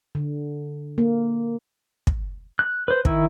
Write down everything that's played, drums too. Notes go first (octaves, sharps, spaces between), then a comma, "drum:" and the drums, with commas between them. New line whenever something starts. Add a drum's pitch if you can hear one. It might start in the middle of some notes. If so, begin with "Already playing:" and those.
D3
A#3
drum: kick
F#6
B4 C5
D#3 E4, drum: kick